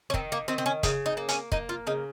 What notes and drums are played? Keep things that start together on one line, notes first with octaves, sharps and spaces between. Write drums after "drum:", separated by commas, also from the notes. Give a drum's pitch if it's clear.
C#4
D#3 C4, drum: kick
A#3
D#3 C4
C4
C#4
C#3 D#4, drum: kick, hi-hat
D#4
A#3
C#4, drum: hi-hat
A#3 D#4, drum: kick
F4
C#3 D#4